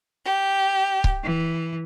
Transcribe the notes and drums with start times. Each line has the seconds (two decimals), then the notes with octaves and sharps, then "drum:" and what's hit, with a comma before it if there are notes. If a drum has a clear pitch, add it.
0.24 G4
1.04 drum: kick C#1
1.24 E3